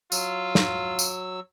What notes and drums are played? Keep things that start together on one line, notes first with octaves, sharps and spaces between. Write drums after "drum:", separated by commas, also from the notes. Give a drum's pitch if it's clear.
F#3 F4 E6, drum: tambourine
drum: snare
drum: tambourine